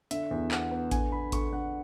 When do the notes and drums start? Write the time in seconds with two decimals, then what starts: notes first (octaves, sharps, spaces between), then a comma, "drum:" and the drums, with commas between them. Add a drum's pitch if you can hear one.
0.11 D3 E5, drum: hi-hat
0.31 E2
0.51 B3 F#5, drum: clap
0.71 B3
0.91 D3 G#5, drum: kick A1, hi-hat
1.12 D3 B5
1.32 D3 C#6, drum: kick A1, hi-hat
1.52 D3 F#5